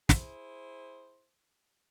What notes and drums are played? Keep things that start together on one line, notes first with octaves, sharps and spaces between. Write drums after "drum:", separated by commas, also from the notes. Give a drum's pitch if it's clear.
E4 G#4 C5, drum: snare